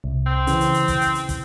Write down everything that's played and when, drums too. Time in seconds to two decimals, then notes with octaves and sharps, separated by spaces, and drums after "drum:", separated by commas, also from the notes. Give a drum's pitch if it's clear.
0.04 C2
0.27 C4
0.47 C#3 E3, drum: hi-hat
0.61 drum: hi-hat
0.74 drum: hi-hat
0.88 drum: kick, hi-hat
1.01 drum: hi-hat
1.15 drum: hi-hat
1.29 drum: kick, hi-hat